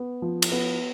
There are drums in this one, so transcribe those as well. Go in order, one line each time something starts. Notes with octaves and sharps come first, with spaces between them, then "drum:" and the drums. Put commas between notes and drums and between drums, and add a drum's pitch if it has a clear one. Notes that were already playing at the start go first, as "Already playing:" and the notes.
Already playing: B3
F3
drum: cymbal
B3